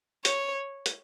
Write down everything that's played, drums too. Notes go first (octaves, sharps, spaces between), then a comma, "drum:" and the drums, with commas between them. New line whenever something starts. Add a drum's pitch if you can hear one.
C#5, drum: hi-hat
drum: hi-hat